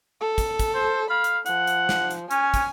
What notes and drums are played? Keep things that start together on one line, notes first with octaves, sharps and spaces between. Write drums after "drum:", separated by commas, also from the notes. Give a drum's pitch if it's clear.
A4
drum: kick, hi-hat
drum: kick, hi-hat
C5
F5 B5
drum: hi-hat
F3 F#5, drum: hi-hat
drum: hi-hat
drum: snare
drum: hi-hat
C#4 G#5, drum: hi-hat
drum: kick, hi-hat